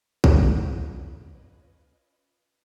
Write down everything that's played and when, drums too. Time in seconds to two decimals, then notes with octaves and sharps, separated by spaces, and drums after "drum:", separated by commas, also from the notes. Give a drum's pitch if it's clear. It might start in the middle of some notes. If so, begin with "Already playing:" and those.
0.24 C#4 F4 B4 D#5, drum: kick